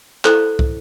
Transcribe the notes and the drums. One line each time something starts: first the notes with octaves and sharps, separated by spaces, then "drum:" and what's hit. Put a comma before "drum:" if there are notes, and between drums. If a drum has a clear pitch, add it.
E4 A4 C5, drum: clap
drum: kick